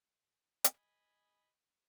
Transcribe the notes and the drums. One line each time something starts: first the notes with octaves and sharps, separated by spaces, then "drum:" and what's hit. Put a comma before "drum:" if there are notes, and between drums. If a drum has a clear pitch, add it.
D#5 G#5 B5, drum: hi-hat